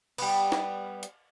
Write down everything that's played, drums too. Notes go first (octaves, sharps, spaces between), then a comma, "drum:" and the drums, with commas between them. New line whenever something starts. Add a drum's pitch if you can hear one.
G3 B3, drum: cymbal
drum: snare
drum: hi-hat